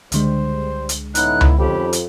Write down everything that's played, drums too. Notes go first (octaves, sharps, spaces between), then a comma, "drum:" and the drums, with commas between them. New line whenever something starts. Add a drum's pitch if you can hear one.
C#2 D3 G3 G#3 C5, drum: hi-hat
drum: hi-hat
A2 B3 C#4 D#4 E4 F#6, drum: hi-hat
drum: tom C#2
F2 D#3 C#4 G4 B5
drum: hi-hat